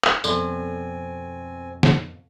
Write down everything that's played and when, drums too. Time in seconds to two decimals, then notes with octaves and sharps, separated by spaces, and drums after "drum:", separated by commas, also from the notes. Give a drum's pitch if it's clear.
0.04 drum: clap
0.24 F2 B2 C4 A4 D5 G#5 C6, drum: tambourine
1.83 drum: snare